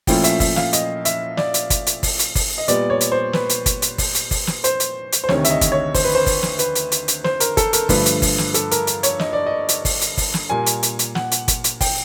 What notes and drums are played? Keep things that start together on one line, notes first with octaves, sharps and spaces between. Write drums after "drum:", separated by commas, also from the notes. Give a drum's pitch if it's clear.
A#2 F3 A3 C#4 E4 G5, drum: kick G1, open hi-hat
E5, drum: hi-hat
E5, drum: kick G1, open hi-hat
F5, drum: snare
D#5, drum: hi-hat
E5, drum: hi-hat
D5, drum: snare
drum: hi-hat
drum: kick G1, hi-hat
drum: hi-hat
drum: kick G1, open hi-hat
drum: hi-hat
drum: kick G1, open hi-hat
D#5
A#2 G3 B3 D5, drum: hi-hat
C#5
drum: hi-hat
C5
B4, drum: snare
drum: hi-hat
drum: kick G1, hi-hat
drum: hi-hat
drum: kick G1, open hi-hat
drum: hi-hat
drum: kick G1, open hi-hat
drum: snare
C5, drum: hi-hat
drum: hi-hat
drum: hi-hat
C5
D2 C3 D#3 C#5, drum: snare
E5, drum: hi-hat
D#5
drum: kick G1, hi-hat
C#5
C5, drum: kick G1, open hi-hat
B4
C5
drum: kick G1, open hi-hat
drum: snare
B4, drum: hi-hat
drum: hi-hat
drum: hi-hat
drum: hi-hat
C5, drum: snare
A#4, drum: hi-hat
A4, drum: kick G1, hi-hat
A#4, drum: hi-hat
G2 D3 F3 A3 B4, drum: kick G1, open hi-hat
drum: hi-hat
drum: kick G1, open hi-hat
drum: snare
A4, drum: hi-hat
A#4, drum: hi-hat
drum: hi-hat
C#5, drum: hi-hat
D#5, drum: snare
D5
D#5
drum: hi-hat
drum: kick G1, open hi-hat
drum: hi-hat
drum: kick G1, open hi-hat
drum: snare
A#2 G3 A#3 G#5
drum: hi-hat
drum: hi-hat
drum: hi-hat
F#5, drum: snare
drum: hi-hat
drum: kick G1, hi-hat
drum: hi-hat
G5, drum: kick G1, open hi-hat